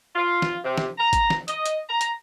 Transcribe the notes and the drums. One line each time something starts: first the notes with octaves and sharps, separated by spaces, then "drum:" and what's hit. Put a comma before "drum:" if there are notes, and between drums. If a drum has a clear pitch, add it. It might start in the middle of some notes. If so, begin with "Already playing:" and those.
F4
drum: snare
C3
drum: snare
A#5
drum: kick G#1, hi-hat
drum: snare
D#5, drum: hi-hat
drum: hi-hat
A#5
drum: hi-hat